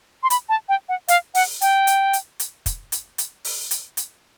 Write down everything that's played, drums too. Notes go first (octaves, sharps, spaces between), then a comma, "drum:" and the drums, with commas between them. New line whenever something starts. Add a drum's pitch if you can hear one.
C6
B5, drum: hi-hat
A5
G5
F#5
F5, drum: hi-hat
F#5, drum: open hi-hat
G5, drum: hi-hat
drum: hi-hat
drum: hi-hat
drum: hi-hat
drum: kick, hi-hat
drum: hi-hat
drum: hi-hat
drum: open hi-hat
drum: hi-hat
drum: hi-hat